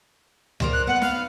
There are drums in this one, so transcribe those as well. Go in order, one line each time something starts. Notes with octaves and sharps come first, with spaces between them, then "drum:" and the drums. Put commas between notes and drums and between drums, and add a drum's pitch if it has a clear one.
A#4 C5 D5, drum: tom C#2
F#6
B3 F#5
F5, drum: snare